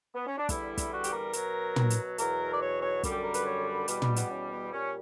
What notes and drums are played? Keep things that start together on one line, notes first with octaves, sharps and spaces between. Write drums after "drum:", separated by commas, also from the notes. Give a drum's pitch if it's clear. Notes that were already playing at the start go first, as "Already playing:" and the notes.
B3
C#4
D4
E2 D3 G3 E4, drum: kick, hi-hat
drum: kick, hi-hat
F#4
G4, drum: hi-hat
A#4
B2 F#3, drum: hi-hat
drum: tom
drum: hi-hat
E2 B2 F#3 A#4, drum: hi-hat
D5
C#5
C#5
F#2 D3 G3, drum: kick, hi-hat
G4
A#4
B4, drum: hi-hat
C#5
B4
E2 B2 G3, drum: hi-hat
drum: tom
B3, drum: hi-hat
C#4
B3
A#2 G3 C#4